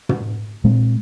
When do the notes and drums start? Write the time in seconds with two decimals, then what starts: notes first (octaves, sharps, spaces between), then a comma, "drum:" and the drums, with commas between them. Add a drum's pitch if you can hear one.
0.09 drum: tom
0.64 A#2 G#3 C4